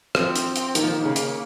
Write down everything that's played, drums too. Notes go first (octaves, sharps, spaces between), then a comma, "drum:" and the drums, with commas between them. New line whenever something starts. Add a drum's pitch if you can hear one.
F3 C4, drum: rim click
drum: hi-hat
drum: hi-hat
D#3 A#3, drum: hi-hat
F3
D#3
D#3
C#3
drum: hi-hat